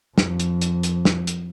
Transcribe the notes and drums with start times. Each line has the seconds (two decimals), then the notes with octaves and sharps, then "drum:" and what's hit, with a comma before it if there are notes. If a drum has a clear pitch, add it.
0.18 F2, drum: snare
0.40 drum: hi-hat
0.61 drum: hi-hat
0.83 drum: hi-hat
1.05 drum: snare
1.27 drum: hi-hat